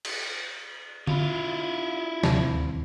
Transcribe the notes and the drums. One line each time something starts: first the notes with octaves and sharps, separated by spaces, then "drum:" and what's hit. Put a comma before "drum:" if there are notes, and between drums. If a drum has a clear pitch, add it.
drum: cymbal
E4 F4, drum: tom
D1 D#2 C3, drum: snare